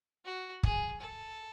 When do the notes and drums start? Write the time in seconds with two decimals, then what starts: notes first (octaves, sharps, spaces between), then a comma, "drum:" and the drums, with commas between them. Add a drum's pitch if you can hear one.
0.25 F#4
0.63 G#4, drum: kick
1.00 A4